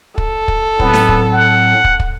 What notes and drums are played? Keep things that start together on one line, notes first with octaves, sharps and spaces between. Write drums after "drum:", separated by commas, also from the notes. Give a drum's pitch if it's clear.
A4, drum: kick
drum: kick
A2 F#3 B3 C4, drum: kick
drum: snare
drum: kick
F#5
drum: kick
drum: kick